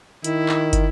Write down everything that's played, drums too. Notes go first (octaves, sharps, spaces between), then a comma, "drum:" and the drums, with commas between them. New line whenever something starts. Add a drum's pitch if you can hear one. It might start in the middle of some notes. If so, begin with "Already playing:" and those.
D#3 E4, drum: hi-hat
drum: clap
drum: kick, hi-hat